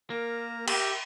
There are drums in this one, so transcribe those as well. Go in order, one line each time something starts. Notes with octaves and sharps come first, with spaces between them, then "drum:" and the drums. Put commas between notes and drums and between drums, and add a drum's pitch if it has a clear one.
A#3 A#4 A#5
G4 E5, drum: cymbal